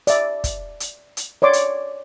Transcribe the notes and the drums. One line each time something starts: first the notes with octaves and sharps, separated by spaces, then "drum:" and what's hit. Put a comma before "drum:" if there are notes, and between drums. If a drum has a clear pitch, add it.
D5 E5, drum: hi-hat
drum: kick, hi-hat
drum: hi-hat
drum: hi-hat
C#5 D5 C6 D6
drum: hi-hat